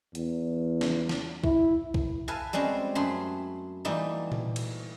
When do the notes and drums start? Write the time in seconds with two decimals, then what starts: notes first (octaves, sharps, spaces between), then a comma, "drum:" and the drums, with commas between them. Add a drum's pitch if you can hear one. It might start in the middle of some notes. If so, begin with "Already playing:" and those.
0.15 E2, drum: hi-hat
0.81 drum: snare
1.09 drum: snare
1.44 E4, drum: kick
1.94 drum: kick
2.28 A4 B4 E5 F5 G#5
2.53 G3 G#3 C4 C#4 F#4
2.95 F#2 A3 G#4 B5 C6
3.85 E3 G3 A3 A#3 D#4 A4
4.32 drum: tom A#2
4.56 drum: cymbal